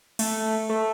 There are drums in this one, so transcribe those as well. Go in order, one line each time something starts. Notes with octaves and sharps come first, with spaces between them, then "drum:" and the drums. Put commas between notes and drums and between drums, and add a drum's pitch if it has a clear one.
A3, drum: cymbal
A3